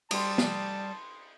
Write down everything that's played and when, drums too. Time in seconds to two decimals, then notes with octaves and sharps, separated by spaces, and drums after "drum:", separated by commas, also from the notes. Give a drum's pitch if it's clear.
0.11 G3 A5 C6 D#6, drum: cymbal
0.38 drum: snare